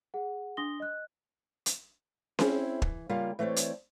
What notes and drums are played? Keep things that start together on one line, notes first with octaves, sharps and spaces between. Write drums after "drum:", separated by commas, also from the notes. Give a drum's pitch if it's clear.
G#4 F#5
D4 C6 D#6 A#6 G7
D#5 F#6
drum: hi-hat
C4 C#4 E4 G#4, drum: snare C#4
E3, drum: kick
C#3 G3 A#3 F4
E3 A3 C4 C#5 D5
drum: hi-hat